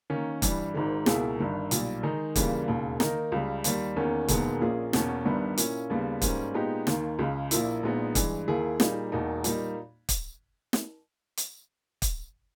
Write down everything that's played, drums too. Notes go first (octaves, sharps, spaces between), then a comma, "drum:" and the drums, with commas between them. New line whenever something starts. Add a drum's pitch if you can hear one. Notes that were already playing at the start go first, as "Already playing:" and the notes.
D#3 A#3 C#4
G2 E3 G3, drum: kick, hi-hat
G#1 G#2 D#3 G#3
C#2 B2 A#3 E4 G#4, drum: snare
G1 G2 D#3
B1 A#2 G3, drum: hi-hat
D#3 G#3 D#4 G#4
D#2 C#3 E3 G3 A#3, drum: kick, hi-hat
E1 D#2 C#3
D#3 A#3 D#4 A#4, drum: snare
C#2 C#3 G3
D#2 D#3 G3, drum: hi-hat
E2 D#3 A#3 C#4
E1 D#2 D#3 G#3 B3, drum: kick, hi-hat
A#1 A#2 A#3 C#4 G#4
E2 B2 A#3 C#4, drum: snare
G1 G2 D#3 G3 B3
A#2 A#3 C#4 E4, drum: hi-hat
D#2 C#3 G3 B3
G#2 G3 A#3 C#4, drum: kick, hi-hat
A#2 G#3 B3 D#4 G4
D#2 D#3 A#3, drum: snare
C#2 C#3 G#3
A#1 A#2 A#3 E4, drum: hi-hat
A#1 A#2 G#3 B3 D#4
G2 E3 G#3, drum: kick, hi-hat
D#2 D#3 A#3 E4 G#4
A#2 G3 A#3 D#4 G#4, drum: snare
E1 E2 B2 A#3 D#4
A#2 G3 A#3 D#4, drum: hi-hat
drum: kick, hi-hat
drum: snare
drum: hi-hat
drum: kick, hi-hat